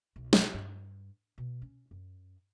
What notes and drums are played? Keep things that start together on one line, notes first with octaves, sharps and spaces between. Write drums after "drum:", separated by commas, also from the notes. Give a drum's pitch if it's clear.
B1
drum: snare
G2
B2
C#4
F#2